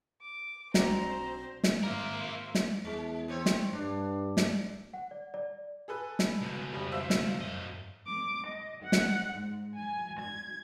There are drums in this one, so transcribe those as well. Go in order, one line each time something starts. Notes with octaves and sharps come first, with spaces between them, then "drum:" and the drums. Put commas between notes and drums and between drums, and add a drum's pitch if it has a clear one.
D6
B1 C4 D4 F#4 C5 A#5, drum: snare
drum: snare
G#1 A#3 A#4 C5 E5 C6
drum: snare
E2 G#3
E3 C4 C#5
drum: snare
G2 D4
drum: snare
F#5
D5
D5
G#4 A4 B4
drum: snare
C#2 B2
F1 G3
C5 E5 F5
drum: snare
F#2 D#5
D6
D#5
F#5
drum: snare
G#2
G#5
G#6